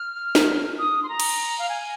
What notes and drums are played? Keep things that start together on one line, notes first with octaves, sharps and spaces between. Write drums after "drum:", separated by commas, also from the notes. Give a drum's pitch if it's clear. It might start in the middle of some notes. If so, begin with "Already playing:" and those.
Already playing: F6
drum: snare
D#6
C6
A#5
drum: cymbal
F5
G#5